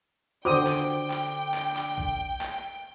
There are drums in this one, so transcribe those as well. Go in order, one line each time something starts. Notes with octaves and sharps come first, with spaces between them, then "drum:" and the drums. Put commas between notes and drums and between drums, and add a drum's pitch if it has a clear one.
D3 F#4 C5 G5 D6 D#6
drum: clap
drum: clap
drum: clap
drum: clap
drum: kick
drum: clap